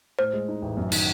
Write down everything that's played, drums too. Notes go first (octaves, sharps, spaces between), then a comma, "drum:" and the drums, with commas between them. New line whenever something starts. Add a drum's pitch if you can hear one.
A2 C5
G#3
D#4
A1
F#2
D#3, drum: cymbal